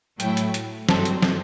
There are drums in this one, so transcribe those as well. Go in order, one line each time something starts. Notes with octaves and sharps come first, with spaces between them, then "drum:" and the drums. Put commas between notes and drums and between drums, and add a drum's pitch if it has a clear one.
A2 F#3 A3 E4 G5, drum: hi-hat
drum: hi-hat
drum: hi-hat
G2 F#3 C4 A4, drum: snare
drum: hi-hat
drum: snare